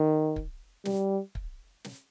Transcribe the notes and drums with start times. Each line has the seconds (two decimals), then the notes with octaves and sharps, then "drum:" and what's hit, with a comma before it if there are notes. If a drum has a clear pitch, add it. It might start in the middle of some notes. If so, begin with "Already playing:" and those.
Already playing: D#3
0.36 drum: kick
0.85 G3, drum: snare
1.35 drum: kick
1.84 drum: snare